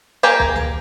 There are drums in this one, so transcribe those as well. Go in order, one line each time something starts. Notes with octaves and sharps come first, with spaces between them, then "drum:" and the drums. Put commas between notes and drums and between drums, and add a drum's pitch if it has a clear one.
A#3 G4 G#4 A#4 G#5
drum: kick B1
drum: tom C#2